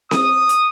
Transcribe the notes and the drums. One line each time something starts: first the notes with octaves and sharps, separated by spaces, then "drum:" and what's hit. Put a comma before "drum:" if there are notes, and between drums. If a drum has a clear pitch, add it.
D#6, drum: snare C4
drum: hi-hat